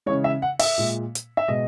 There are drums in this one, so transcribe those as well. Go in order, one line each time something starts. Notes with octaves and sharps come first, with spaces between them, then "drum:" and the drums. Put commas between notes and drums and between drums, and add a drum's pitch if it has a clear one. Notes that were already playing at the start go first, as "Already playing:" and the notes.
C#3 E3 G#3 C#5
E5
F#5
E5, drum: open hi-hat
A#2 G#3
drum: hi-hat
E5
B2 G#3 D#5